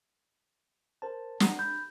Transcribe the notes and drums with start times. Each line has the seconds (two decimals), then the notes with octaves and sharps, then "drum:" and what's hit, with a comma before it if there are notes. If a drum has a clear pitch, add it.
1.02 A#4 C5 A5
1.40 F#5 A#5, drum: snare
1.59 B5 G6